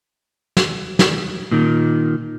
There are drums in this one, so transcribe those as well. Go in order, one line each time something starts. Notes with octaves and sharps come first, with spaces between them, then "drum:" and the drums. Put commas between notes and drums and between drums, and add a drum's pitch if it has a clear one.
drum: snare
drum: snare
A#2 D#3